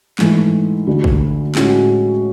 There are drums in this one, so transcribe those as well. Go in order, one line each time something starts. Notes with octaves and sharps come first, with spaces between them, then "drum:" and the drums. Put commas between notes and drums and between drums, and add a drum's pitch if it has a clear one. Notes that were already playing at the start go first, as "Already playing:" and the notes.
G#2 E3 A3 E4, drum: clap
D2 D3 A3
drum: kick
A2 G#3 C#4 F#4, drum: clap